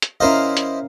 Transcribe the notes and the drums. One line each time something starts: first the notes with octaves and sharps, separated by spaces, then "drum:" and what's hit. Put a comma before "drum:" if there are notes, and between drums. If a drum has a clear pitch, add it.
drum: hi-hat
C#4 E4 A#4 C5 D#5 F5
drum: hi-hat